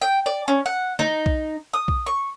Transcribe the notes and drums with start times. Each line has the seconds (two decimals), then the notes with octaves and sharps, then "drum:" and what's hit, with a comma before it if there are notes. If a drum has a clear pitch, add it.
0.02 G5
0.26 D5
0.48 C#4
0.66 F#5
0.99 D#4, drum: snare
1.26 drum: kick B1
1.74 D#6
1.88 drum: kick B1
2.06 C#6